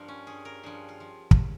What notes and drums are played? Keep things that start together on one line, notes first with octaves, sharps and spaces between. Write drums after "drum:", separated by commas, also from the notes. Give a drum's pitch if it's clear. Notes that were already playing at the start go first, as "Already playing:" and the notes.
Already playing: G2 F3 A#3 A#4
C#4
G2 F3 G#4
A#4
G2 F3 G#4
F4
F3
drum: kick